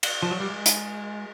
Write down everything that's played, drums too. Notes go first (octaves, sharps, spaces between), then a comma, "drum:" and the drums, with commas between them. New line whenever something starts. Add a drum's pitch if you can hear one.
drum: cymbal
F3
F#3
G3
G#3
drum: hi-hat